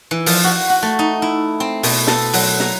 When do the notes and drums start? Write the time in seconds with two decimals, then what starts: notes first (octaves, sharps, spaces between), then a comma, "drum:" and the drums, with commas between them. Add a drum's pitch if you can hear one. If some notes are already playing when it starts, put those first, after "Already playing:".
0.11 E3
0.26 F3, drum: open hi-hat
0.44 F#4
0.70 F#4
0.82 A3
0.99 D#4
1.22 E4
1.60 C4
1.83 B2, drum: open hi-hat
2.07 A4, drum: snare
2.33 F#3, drum: open hi-hat
2.60 A#5, drum: snare